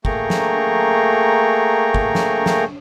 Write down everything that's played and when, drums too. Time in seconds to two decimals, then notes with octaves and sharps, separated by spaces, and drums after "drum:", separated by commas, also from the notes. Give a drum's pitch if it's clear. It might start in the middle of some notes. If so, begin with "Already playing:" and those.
0.05 A3 A#3 G#4 G5 A#5 C#6, drum: kick
0.30 drum: snare
1.94 drum: kick
2.15 drum: snare
2.46 drum: snare